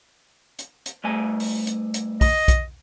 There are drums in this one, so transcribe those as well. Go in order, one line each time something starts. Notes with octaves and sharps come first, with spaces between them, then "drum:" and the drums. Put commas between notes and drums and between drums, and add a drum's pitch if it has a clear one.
drum: hi-hat
drum: hi-hat
G2 A3 G#5
drum: open hi-hat
drum: hi-hat
drum: hi-hat
D#5, drum: kick B1, open hi-hat
drum: kick B1, hi-hat